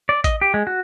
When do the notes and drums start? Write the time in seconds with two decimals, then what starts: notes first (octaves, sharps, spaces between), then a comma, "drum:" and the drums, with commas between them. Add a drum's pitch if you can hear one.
0.09 D5
0.24 D#5, drum: kick A1, hi-hat
0.41 G4
0.54 G#3
0.67 F#4